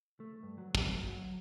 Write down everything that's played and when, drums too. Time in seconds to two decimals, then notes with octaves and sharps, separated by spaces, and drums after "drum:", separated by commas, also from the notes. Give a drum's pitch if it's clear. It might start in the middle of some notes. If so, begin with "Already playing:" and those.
0.20 A3
0.43 G2
0.58 F#3
0.75 drum: kick
1.06 F#3